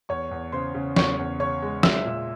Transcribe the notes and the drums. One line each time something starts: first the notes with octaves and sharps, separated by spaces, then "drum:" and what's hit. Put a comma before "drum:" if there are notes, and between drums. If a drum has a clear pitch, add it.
E2 C#5 C#6
E2
C#3 C5 C6
C#3
E2 C#5 C#6, drum: snare
E2
C#3 C#5 C#6
G#3
G#3 E5 E6, drum: snare
A#2